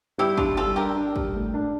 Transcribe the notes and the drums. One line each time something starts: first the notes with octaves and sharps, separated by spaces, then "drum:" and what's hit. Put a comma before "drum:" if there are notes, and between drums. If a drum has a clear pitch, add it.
G3 E4 G4
G3 D4 F4, drum: kick
G3 F4 A4
D4 G4 A#4
D4
G3, drum: kick
A2
D4